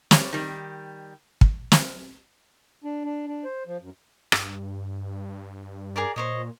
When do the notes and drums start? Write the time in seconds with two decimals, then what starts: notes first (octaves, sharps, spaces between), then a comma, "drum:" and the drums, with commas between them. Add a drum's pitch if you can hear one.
0.11 G3 C#5, drum: snare
0.33 D#3 G3
1.41 drum: kick
1.72 drum: snare
2.84 D4
3.05 D4
3.27 D4
3.44 C5
3.67 F3
3.81 F#2
4.32 G2, drum: rim click
5.96 G#4 A#4 D5
6.16 A#2 C5 C#5 D#5